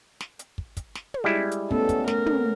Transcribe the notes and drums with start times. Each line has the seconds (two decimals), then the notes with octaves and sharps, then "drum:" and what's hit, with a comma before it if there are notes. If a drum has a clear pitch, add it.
0.21 drum: snare
0.39 drum: hi-hat
0.58 drum: kick
0.77 drum: kick, hi-hat
0.95 drum: snare
1.14 drum: tom
1.24 G3 G#3 E4
1.51 drum: hi-hat
1.71 A3 B3 C#4 A4, drum: kick
1.89 drum: kick, hi-hat
2.08 A3 A#4, drum: snare
2.26 drum: tom